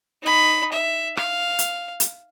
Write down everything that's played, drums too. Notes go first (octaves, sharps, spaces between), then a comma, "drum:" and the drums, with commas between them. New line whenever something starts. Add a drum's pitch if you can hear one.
D#4 B5
E5
F5, drum: rim click
drum: hi-hat
drum: hi-hat